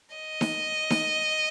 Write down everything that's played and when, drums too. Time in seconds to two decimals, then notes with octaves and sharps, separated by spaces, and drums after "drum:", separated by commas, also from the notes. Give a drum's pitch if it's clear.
0.16 D#5
0.41 drum: snare D#4
0.90 drum: snare D#4